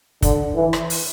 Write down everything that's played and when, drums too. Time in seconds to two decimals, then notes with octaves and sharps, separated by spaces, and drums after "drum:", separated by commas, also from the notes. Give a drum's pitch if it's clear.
0.22 D3, drum: kick, hi-hat
0.55 E3
0.73 drum: rim click
0.90 drum: open hi-hat